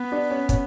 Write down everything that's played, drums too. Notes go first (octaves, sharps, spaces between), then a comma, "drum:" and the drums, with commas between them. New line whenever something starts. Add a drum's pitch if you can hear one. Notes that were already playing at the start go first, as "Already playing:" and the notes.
Already playing: B3
D4
C#4
C#4, drum: kick, hi-hat